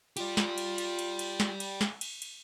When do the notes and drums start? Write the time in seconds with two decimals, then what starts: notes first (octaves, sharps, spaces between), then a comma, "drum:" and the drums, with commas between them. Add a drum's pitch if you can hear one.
0.17 F4 G4 D5, drum: cymbal
0.37 drum: snare
0.58 drum: cymbal
0.78 drum: cymbal
0.99 drum: cymbal
1.19 drum: cymbal
1.40 drum: snare
1.60 drum: cymbal
1.81 drum: snare
2.01 drum: cymbal
2.22 drum: cymbal